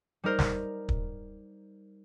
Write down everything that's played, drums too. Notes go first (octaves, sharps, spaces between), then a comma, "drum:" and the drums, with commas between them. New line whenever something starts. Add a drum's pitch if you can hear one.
G3 D#4 A#4 C5
drum: snare
drum: kick